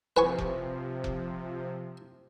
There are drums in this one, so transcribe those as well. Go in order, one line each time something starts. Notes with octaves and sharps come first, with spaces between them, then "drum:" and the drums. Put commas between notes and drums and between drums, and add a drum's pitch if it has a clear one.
C3 F3 B4 G#5 C#6
drum: kick F1
drum: kick F1